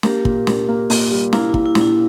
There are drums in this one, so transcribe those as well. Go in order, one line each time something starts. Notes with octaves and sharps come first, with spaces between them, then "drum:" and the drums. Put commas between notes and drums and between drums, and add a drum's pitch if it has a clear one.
A#3 G4 A#4, drum: snare
A#2, drum: kick
A#2, drum: snare
A#3
A#2, drum: open hi-hat
G3
A#3 E4, drum: snare
E4
A#3, drum: kick
E4
A#2, drum: snare
E4